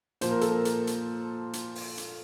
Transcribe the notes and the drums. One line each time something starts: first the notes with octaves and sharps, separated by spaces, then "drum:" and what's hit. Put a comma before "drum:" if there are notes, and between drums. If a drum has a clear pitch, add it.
A#2 F3 C5, drum: hi-hat
A#4
A4, drum: hi-hat
A#4
drum: hi-hat
drum: hi-hat
drum: hi-hat
drum: open hi-hat
drum: hi-hat